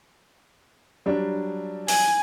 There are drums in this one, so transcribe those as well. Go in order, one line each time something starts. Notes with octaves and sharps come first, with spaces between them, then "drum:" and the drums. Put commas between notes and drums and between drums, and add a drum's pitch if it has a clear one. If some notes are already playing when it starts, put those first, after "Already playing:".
F#3 G3 D4
G#5, drum: open hi-hat